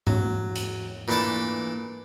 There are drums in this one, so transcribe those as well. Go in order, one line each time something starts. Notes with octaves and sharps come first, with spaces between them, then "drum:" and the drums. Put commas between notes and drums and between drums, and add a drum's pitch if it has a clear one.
F#3, drum: tom G#2
drum: hi-hat
A#2 E3 A3 D4 E4 A4